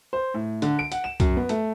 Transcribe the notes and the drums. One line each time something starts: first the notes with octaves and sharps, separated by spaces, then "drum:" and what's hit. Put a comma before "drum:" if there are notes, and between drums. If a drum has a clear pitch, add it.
C5
A2
D3, drum: hi-hat
D7
F#5, drum: hi-hat
E7
F#2, drum: kick C2, hi-hat
B3
A3, drum: hi-hat